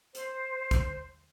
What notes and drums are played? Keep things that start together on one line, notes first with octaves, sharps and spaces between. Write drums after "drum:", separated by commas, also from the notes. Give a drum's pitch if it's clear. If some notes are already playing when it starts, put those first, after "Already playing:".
C5, drum: hi-hat
drum: kick, hi-hat